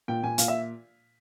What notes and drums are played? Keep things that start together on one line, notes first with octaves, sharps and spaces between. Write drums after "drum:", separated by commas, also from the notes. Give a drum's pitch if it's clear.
A#2 G5
A#2 G#5
A#2 F5, drum: hi-hat
E5